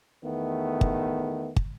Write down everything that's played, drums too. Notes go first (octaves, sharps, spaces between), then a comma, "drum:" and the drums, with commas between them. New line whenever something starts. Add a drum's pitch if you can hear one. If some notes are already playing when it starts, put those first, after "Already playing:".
E2 D#3 A3 B3
drum: kick
drum: kick